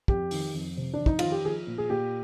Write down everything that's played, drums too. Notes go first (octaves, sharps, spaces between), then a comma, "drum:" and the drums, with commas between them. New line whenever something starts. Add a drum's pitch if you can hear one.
F2 G4, drum: kick
D#3, drum: open hi-hat
F2
C3
D4
F2
D#4, drum: kick
D#3 F4, drum: cymbal
G4
F3 G#4
A#2
G#4
A#2 G4